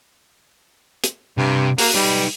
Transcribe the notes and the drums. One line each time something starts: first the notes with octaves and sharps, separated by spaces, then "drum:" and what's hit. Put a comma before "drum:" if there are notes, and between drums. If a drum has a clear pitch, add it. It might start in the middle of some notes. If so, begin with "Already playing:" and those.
drum: hi-hat
G2 C3
A#3 F#4, drum: open hi-hat
G3 D#4 B4